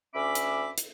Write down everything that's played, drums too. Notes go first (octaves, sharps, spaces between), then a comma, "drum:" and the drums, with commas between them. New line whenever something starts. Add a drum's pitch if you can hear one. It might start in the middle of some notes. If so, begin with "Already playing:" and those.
D2 C#4 E5 B5 D6
drum: hi-hat
drum: hi-hat